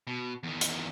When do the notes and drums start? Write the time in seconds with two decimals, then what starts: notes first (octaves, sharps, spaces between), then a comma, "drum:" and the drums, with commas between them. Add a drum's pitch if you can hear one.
0.07 B2
0.43 E2 D#3
0.61 drum: hi-hat